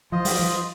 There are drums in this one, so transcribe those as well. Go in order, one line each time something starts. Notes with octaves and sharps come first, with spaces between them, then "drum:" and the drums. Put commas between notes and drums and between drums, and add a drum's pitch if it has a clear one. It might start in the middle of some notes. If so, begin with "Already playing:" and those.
F3 F4 C5 D#5
G3, drum: open hi-hat
F3